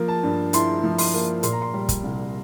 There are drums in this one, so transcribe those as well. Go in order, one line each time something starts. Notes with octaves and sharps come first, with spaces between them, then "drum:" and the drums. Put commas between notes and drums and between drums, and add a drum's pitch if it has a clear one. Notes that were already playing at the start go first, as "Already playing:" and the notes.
Already playing: F3 A#3
A5
G2
E4 C6, drum: hi-hat
F3
C6, drum: open hi-hat
A#3
A#2 C6, drum: hi-hat
A#5
C6
G3
drum: kick, hi-hat
C2